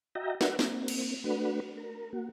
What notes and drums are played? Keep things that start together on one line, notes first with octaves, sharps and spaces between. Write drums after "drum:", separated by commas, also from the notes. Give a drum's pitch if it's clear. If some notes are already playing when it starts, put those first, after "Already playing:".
F#4 D#5 E5 G5 A#5
F#4 A#4 B4 D5 E5 F#5, drum: snare
A#3 C4, drum: snare
drum: cymbal
A3 D4 F#4 B4
A#4
A#3 F#4